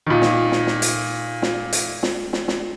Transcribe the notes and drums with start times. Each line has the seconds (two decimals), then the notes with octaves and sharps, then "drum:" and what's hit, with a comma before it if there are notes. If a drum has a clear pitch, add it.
0.07 A#2 D#3
0.22 drum: snare
0.52 drum: snare
0.67 drum: snare
0.82 drum: hi-hat
1.42 drum: snare
1.73 drum: hi-hat
2.03 drum: snare
2.33 drum: snare
2.48 drum: snare